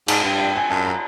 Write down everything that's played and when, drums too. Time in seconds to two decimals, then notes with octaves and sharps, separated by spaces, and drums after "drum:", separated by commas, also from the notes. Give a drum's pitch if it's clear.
0.08 G#2 A5, drum: cymbal
0.24 G2 G5
0.40 G5
0.56 G#5
0.70 F#2 A5
0.86 A#5